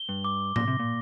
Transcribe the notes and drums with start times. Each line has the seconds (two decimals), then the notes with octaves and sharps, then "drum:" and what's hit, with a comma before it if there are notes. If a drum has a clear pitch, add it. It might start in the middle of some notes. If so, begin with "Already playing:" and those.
Already playing: G7
0.09 G2
0.24 D6
0.56 A#2 A#6, drum: tom A2
0.68 C3
0.79 A#2